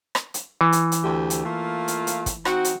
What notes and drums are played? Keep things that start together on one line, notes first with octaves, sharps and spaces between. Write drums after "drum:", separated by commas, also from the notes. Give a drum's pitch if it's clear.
drum: rim click
drum: hi-hat
E3
drum: hi-hat
drum: hi-hat
D2 G4
drum: hi-hat
A3 A#3 F4
drum: hi-hat
drum: hi-hat
drum: kick, hi-hat
C4 D#4 F#4, drum: rim click
drum: hi-hat